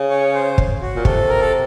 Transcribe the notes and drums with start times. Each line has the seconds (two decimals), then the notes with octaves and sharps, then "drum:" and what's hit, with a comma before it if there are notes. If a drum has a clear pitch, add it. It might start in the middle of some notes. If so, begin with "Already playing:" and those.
Already playing: C#3
0.10 C#5
0.35 C5
0.58 drum: kick
0.82 F#4
0.96 A#2
1.05 C3 A4, drum: kick
1.29 A#4
1.41 A4